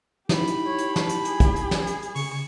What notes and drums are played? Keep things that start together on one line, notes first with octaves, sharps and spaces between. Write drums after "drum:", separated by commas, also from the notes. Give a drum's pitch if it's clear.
D#4 E4 G4 B5, drum: snare
drum: hi-hat
C#5
drum: hi-hat
A5, drum: snare
drum: hi-hat
G#4, drum: hi-hat
drum: kick, hi-hat
drum: hi-hat
drum: snare
drum: hi-hat
drum: hi-hat
C#3 C#6, drum: open hi-hat